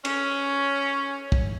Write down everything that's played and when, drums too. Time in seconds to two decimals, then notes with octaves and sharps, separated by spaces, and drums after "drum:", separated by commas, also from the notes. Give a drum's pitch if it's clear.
0.05 C#4, drum: cymbal
1.32 drum: kick